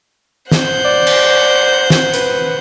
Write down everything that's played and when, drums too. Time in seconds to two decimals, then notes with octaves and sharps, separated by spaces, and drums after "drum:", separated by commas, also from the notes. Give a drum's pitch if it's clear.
0.52 C5 F#5 G6, drum: snare
0.85 D5
1.07 drum: cymbal
1.90 drum: snare
2.14 B4, drum: hi-hat